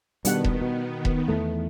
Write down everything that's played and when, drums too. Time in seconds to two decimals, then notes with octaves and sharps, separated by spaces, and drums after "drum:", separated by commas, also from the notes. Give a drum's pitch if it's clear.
0.25 B2 D#3 G3 B3 D4 F#5, drum: hi-hat
0.44 drum: kick E1
0.61 B2
1.05 drum: kick E1
1.28 E2 E3 A3